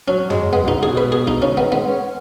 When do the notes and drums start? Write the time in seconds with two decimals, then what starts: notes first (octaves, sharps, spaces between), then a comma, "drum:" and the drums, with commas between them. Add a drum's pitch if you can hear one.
0.08 F#3 C#4
0.30 G#3, drum: tom
0.52 G#3 B3
0.63 B2 D#4, drum: kick
0.75 C#3
0.83 B2 G#4
0.97 B4
1.12 G#4
1.27 D#4, drum: kick
1.42 C#3 C#4
1.57 D#3 B3
1.72 G#3 B3
1.87 C#4